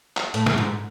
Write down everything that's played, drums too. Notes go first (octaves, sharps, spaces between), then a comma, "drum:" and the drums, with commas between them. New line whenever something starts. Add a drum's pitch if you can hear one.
drum: clap
A2, drum: hi-hat
F#2, drum: snare
G#2